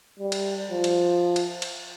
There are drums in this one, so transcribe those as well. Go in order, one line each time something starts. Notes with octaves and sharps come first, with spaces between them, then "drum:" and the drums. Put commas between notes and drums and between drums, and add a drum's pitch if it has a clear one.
G3
drum: cymbal
F3
drum: cymbal
drum: cymbal
drum: cymbal